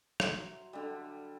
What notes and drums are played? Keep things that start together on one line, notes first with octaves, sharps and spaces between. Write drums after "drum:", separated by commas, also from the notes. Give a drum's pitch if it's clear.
F#3 E5 C6, drum: rim click
D3 G3